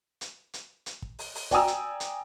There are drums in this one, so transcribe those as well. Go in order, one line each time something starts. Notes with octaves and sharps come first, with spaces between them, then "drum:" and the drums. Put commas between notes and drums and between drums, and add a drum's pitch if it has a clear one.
drum: hi-hat
drum: hi-hat
drum: hi-hat
drum: kick
drum: open hi-hat
drum: open hi-hat
D5 G5 G#5 A#5 D#6 E6, drum: kick, hi-hat
drum: hi-hat
drum: hi-hat